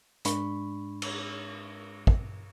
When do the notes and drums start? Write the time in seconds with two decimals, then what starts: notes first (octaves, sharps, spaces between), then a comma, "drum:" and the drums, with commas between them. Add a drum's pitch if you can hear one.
0.25 G#2 G#3 D4 B5 C#6, drum: hi-hat
1.02 drum: cymbal
2.07 drum: kick